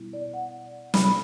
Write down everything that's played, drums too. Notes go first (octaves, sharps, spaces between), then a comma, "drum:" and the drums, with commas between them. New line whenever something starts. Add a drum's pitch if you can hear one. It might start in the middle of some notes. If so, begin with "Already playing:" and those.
Already playing: B2 G3 B3 E4
D5
F#5
C3 G3 D4 B5, drum: snare